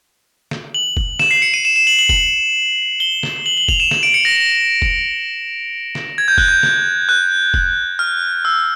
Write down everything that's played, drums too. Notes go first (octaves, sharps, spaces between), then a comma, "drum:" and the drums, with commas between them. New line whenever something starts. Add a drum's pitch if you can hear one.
drum: snare
F#7
drum: kick F1
E7, drum: snare
C7
C#7
D#7
E7
E7
F#7
F#7
F#7, drum: kick F1
G7
drum: snare
F#7
F#7
F7, drum: kick F1
E7
drum: snare
D7
C#7
A#6
A#6
drum: kick F1
drum: snare
G#6
G6
F#6, drum: kick F1
G6
drum: snare
F#6
drum: kick F1
F6
E6